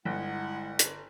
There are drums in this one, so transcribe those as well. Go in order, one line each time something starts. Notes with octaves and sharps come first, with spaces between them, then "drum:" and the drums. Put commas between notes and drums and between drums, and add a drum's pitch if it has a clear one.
G1 G#3 E4 F#5
drum: hi-hat